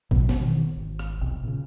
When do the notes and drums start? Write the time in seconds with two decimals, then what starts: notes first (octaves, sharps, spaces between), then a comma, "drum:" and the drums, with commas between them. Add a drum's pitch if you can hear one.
0.11 E1 B2 F#3, drum: kick A1
0.29 drum: snare
0.40 B2 D#3 E3
0.76 G#1
0.99 drum: rim click
1.20 E1 B1 C3
1.43 A#2 C#3